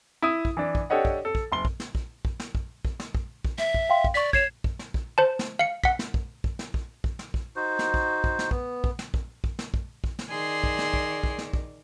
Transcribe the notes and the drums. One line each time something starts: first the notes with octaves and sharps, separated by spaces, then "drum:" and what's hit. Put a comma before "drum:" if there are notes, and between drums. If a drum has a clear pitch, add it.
E4 D#6
drum: kick
E3 D4
drum: kick
D4 G4 A4 C#5 D#5 F#5
drum: kick
A4
drum: kick
F#1 C6 G7
drum: kick
drum: snare
drum: kick
drum: kick
drum: snare
drum: kick
drum: kick
drum: snare
drum: kick
drum: kick
E5, drum: snare
drum: kick
F5 G5 C6
drum: kick
D5 C#6 B6
C#5 G#6 C7 E7, drum: kick
drum: kick
drum: snare
drum: kick
C5 A5
drum: snare
F5 C#7
F#5 B6, drum: kick
drum: snare
drum: kick
drum: kick
drum: snare
drum: kick
drum: kick
drum: snare
drum: kick
D#4 F#4 C5
drum: snare
drum: kick
drum: kick
drum: snare
B3, drum: kick
drum: kick
drum: snare
drum: kick
drum: kick
drum: snare
drum: kick
drum: kick
drum: snare
D#3 G#4 D5 C6
drum: kick
drum: snare
drum: kick
drum: kick
drum: snare
drum: kick